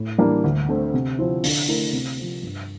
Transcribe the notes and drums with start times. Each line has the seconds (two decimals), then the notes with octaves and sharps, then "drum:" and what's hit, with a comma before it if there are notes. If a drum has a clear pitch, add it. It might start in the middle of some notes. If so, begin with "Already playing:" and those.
Already playing: A2
0.18 E3 G3 A#3 D4
0.44 D2
0.69 D3 A3 C4
0.94 C3
1.18 F3 C4 E4
1.44 D3, drum: open hi-hat
1.68 A3 E4 A#4
1.93 C3
2.18 F3 C4
2.43 G2